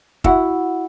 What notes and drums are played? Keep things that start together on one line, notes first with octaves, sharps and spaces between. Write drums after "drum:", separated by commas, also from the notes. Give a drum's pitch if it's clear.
E4 F#4 F#5, drum: kick